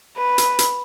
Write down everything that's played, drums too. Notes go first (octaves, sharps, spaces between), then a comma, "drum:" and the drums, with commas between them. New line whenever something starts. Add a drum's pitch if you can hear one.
B4
drum: hi-hat
drum: hi-hat